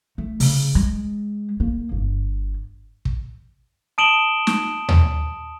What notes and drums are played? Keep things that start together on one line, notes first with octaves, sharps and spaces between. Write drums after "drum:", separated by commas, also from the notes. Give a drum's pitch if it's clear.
A3
C#3, drum: open hi-hat
G#3
A#3
G1
drum: kick
A5 D#6 D7 E7 F#7 G7
drum: snare
drum: tom D#2